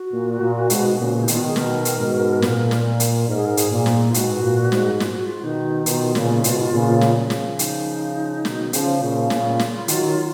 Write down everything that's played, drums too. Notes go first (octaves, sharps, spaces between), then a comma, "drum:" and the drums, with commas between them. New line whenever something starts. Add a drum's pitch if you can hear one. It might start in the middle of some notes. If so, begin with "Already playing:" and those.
Already playing: F#4
A#2
A#2
G#2 B2, drum: hi-hat
A#2 C#3
D#4
B2 D#3 F4, drum: hi-hat
F#4
G#4
B2 D#3 A#4, drum: snare
drum: hi-hat
G#2 B2
A#2, drum: snare
drum: snare
drum: hi-hat
G#2 A#4
G#4
A#4
G#4, drum: hi-hat
A#2
F4, drum: snare
F4
G#2 B2 F#4, drum: hi-hat
A#2
G#2, drum: snare
F4, drum: snare
F#4
F4
B2 D#3 D#4
B2 D#3 F4, drum: hi-hat
A#2 C#3, drum: snare
G#2 B2, drum: hi-hat
A#2 C#3
drum: snare
C#3 F3
drum: snare
D#4, drum: hi-hat
B2 D#3, drum: snare
C#3 F3, drum: hi-hat
A#2 C#3
A#2 C#3 F4, drum: snare
drum: snare
D#3 F#3, drum: hi-hat